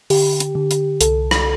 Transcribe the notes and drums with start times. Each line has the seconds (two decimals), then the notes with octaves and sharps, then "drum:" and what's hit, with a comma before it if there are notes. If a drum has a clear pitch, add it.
0.10 D3 G4, drum: open hi-hat
0.40 drum: hi-hat
0.55 D3
0.71 drum: hi-hat
1.01 C2 A4, drum: hi-hat
1.31 drum: rim click